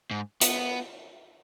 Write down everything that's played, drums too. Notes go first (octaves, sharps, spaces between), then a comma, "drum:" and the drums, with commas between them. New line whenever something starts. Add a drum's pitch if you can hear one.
G#2
B3, drum: hi-hat